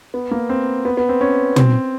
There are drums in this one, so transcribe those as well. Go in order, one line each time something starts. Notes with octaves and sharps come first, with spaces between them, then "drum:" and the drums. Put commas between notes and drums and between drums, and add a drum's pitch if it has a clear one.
B3
A#3
C4
B3
B3
C4
C#4
C4, drum: tom